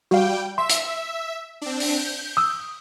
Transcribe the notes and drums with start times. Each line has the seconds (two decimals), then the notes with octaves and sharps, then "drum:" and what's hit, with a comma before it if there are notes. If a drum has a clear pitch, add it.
0.11 G3 F#4 F5 G5
0.58 E5 C6
0.69 drum: hi-hat
1.61 C4 D4
1.80 drum: open hi-hat
1.98 G6
2.37 D#6 E6